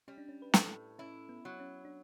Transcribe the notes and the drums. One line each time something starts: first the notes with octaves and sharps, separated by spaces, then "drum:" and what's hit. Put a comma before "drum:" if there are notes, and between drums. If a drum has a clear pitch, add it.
G3 C#4
D4
C#4
B4
A2 A4, drum: snare
C#4 E4
B3
F#3
C#4
D4